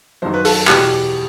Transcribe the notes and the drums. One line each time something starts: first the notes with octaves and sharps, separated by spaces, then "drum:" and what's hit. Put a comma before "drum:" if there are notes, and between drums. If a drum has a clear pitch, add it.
F#2 D#3 F#3 C5
B4
A4, drum: open hi-hat
E2 B2 F#3 G4, drum: clap